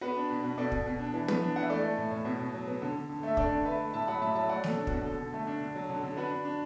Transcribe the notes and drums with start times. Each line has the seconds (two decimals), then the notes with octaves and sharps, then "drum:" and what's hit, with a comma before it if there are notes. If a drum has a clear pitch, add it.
0.01 B3 F#4 B4
0.17 D4
0.30 B2
0.44 B2
0.58 B2 A4 D5
0.72 B2, drum: kick
0.86 B2
0.99 D4
1.13 E3
1.28 B3, drum: tom
1.42 D4
1.56 E3 F#5
1.63 E5
1.70 A3 A4 D5
1.84 A3
1.97 A2
2.11 A2
2.25 B2
2.39 B2
2.54 F#3
2.67 B3
2.82 D3
2.95 D3
3.09 D3
3.23 A3 E5
3.37 D4 A4 D5, drum: kick
3.52 D3
3.65 D4 B4 E5
3.79 A3
3.94 A2 E5 A5
4.07 F#3 F#5 B5
4.21 A2 E5 A5
4.35 F#3 E5 A5
4.49 A3 D5 F#5
4.64 B2 A4, drum: snare
4.77 D4
4.87 B2 F#4, drum: kick
5.06 D3 A4
5.20 D3
5.34 A3
5.47 D4
5.61 D3
5.75 F#3
5.90 D3
6.03 D3
6.17 D4 F#4 B4
6.31 D4
6.45 D4